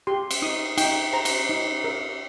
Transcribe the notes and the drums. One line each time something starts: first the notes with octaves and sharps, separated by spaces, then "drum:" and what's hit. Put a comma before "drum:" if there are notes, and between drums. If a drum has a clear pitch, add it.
G4 C6
drum: cymbal
D#4 D#6
D#4 G5, drum: cymbal
C5 A#5
drum: cymbal
D#4
A#4